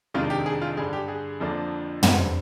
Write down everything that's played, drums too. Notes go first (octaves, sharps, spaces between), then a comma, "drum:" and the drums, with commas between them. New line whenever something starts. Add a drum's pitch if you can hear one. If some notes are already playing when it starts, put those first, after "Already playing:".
F2 C3 D#3 G#3 D4 F4
G4
G#4
F4
G2 D3 G3 G#4
G4
G#4
F2 D3 F3 A#3 D4
D3 G3 C4, drum: tom